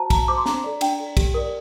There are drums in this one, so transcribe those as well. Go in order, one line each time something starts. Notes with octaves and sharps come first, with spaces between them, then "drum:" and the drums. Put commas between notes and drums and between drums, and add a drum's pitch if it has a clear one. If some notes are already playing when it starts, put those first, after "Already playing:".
Already playing: F#4 C5 A5 A#5
F#4 A#5, drum: kick, cymbal
C5 D6
C6
D4 A#5, drum: snare
A4 D5
D4 G5, drum: cymbal
A4 D5
G4, drum: kick, cymbal
A#4 D5